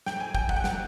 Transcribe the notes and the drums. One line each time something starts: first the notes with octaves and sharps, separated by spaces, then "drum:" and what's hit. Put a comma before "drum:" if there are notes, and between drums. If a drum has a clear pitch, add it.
G5, drum: snare
G#5
G5, drum: kick
F#5, drum: kick
G5
F#5, drum: snare